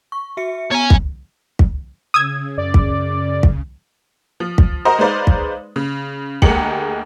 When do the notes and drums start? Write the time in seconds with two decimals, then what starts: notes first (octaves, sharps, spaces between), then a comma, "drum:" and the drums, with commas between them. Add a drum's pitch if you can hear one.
0.12 C#6
0.37 F#4 E5 C#7
0.71 B3 C#5 G#5 A#5
0.90 drum: kick
1.59 drum: kick
2.14 C#3 D#6 E6 G#6
2.58 F#2 D5
2.74 drum: kick
3.43 drum: kick
4.40 F3
4.58 drum: kick
4.85 F#4 A#4 C5 D#5
4.99 G#3 D#4 B4 C5 D5 F5
5.27 drum: kick
5.76 C#3
6.42 D2 G#3 A#3 G4 C#7 F#7, drum: kick